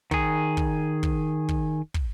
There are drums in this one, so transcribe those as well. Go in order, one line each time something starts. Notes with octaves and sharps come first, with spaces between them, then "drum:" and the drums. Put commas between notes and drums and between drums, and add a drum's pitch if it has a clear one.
D#3 G#4, drum: kick
drum: kick
drum: kick
drum: kick
drum: kick